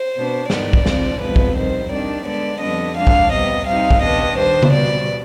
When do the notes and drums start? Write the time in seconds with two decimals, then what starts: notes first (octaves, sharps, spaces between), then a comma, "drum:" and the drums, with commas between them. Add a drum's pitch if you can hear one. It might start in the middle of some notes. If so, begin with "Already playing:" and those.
Already playing: C5
0.16 B2 B3 D4
0.50 G#2 D#3 B3 D5, drum: snare
0.73 drum: kick
0.86 C3 F3 C4, drum: snare
1.21 F2 C3 F3 G#3 B3 B4
1.36 drum: kick
1.56 D#3 G3 C4 C5
1.91 D#3 G3 D4 D5
2.26 D3 G#3 B3 D5
2.61 F2 D3 G3 B3 D#5
2.97 D3 G#3 D4 F5
3.07 drum: kick
3.33 C3 G3 B3 D#5
3.67 C3 G3 C4 D#4 F5
3.91 drum: kick
4.02 G2 D#3 B3 D4 D#5
4.37 D#3 G3 D4 C5
4.63 drum: tom C#3
4.73 B2 G3 B3 D5